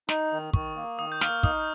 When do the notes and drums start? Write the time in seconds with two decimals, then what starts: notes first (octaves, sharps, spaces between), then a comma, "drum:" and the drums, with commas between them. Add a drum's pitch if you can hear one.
0.09 D#4 D#6, drum: snare
0.32 D#3
0.53 D#3 C#6, drum: kick
0.76 A#3
0.99 D#3 D#6
1.12 G6
1.21 A#3 F6, drum: snare
1.43 D#4 D#6, drum: kick